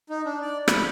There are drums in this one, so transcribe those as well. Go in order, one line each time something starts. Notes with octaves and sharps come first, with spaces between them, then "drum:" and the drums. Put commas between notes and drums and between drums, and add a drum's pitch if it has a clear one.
D#4
D4
D5
B5, drum: rim click